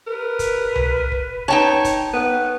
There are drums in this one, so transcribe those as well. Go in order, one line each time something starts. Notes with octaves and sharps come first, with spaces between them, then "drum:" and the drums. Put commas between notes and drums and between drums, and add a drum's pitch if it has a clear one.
A#4 B4
drum: kick, hi-hat
drum: tom C2
drum: kick
D#4 C#5 G5 A5
drum: kick, hi-hat
B3